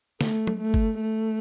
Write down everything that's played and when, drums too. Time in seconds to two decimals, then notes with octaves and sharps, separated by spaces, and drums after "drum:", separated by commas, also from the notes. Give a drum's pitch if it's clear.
0.21 A3, drum: snare
0.47 drum: tom
0.61 A3
0.74 drum: kick G1
1.01 A3